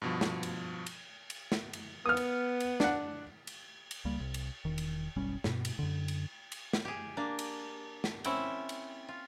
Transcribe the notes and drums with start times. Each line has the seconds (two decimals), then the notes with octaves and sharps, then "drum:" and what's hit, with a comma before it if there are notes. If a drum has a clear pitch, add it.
0.02 G2 B2 F3
0.21 drum: snare
0.43 drum: cymbal
0.86 drum: cymbal
1.30 drum: cymbal
1.52 drum: snare
1.73 drum: cymbal
2.06 B3 D#6 F6
2.17 drum: cymbal
2.60 drum: cymbal
2.80 D4 F#5, drum: snare
3.47 drum: cymbal
3.91 drum: cymbal
4.05 C#2 G3 A#3
4.20 C2
4.34 drum: cymbal
4.65 E1 D#3
4.78 drum: cymbal
5.16 F#1 B1 G3 C#4
5.44 G2 B2, drum: snare
5.65 drum: cymbal
5.79 F#2 D3
6.08 drum: cymbal
6.52 drum: cymbal
6.73 drum: snare
6.85 G4 G#4
7.17 A#3 D4
7.39 drum: cymbal
8.04 drum: snare
8.24 C4 C#4 E4 E5 F#5 G5, drum: cymbal
8.69 drum: cymbal
9.09 F4